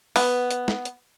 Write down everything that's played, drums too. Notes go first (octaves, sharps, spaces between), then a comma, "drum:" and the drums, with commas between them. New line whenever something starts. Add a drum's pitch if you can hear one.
B3, drum: open hi-hat
drum: hi-hat
drum: snare
drum: hi-hat